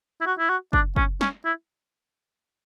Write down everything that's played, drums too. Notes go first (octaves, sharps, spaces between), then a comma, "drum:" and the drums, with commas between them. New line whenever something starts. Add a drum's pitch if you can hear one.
E4
F#4
E4
F#4
D4, drum: kick
C#4, drum: kick
C#4, drum: snare
E4